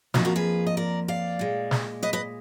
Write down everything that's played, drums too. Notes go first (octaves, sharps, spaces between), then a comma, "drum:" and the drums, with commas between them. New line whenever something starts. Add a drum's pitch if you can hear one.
F2 F3 A#3 D#4 F#4, drum: snare
F#4 A#4
G#4 B4
D#5
A#4 D5
D5 F5
A#2 G#3
drum: snare
B4 D#5
B4 D#5